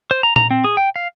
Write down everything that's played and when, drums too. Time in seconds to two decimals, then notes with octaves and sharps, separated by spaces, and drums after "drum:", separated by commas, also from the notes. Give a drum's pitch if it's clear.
0.11 C5
0.23 A#5
0.36 A#5, drum: tom A#2
0.51 C4
0.64 G#4
0.77 G5
0.96 F5